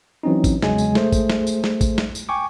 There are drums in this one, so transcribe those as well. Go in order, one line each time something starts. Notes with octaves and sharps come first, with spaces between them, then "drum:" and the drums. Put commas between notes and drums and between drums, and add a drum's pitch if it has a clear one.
E3 F#3 C4 C#4 D#4
drum: kick A1, tambourine
E2 C#3 F#3 G#3 G#5, drum: snare
drum: tambourine
A3 G#4 C5, drum: snare
drum: kick A1, tambourine
drum: snare
drum: tambourine
drum: snare
drum: kick A1, tambourine
drum: snare
drum: tambourine
G5 G#5 C#6 D6